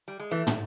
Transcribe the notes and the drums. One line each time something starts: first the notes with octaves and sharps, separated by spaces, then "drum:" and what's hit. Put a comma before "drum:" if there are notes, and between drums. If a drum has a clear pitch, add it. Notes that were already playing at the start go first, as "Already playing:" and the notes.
G3
G#3
E3 A3
drum: tom